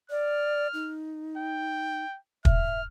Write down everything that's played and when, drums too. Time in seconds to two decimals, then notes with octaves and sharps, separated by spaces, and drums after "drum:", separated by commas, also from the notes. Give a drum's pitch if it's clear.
0.10 D5 F6
0.74 D#4
1.38 G5
2.45 E5 F6, drum: kick